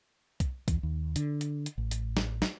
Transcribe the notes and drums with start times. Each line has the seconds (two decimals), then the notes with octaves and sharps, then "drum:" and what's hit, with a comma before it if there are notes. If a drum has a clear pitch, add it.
0.40 drum: kick, hi-hat
0.68 E2, drum: kick, hi-hat
0.83 D#2
1.16 D3, drum: hi-hat
1.41 drum: hi-hat
1.66 drum: hi-hat
1.78 A1
1.91 drum: hi-hat
2.17 drum: snare
2.42 drum: snare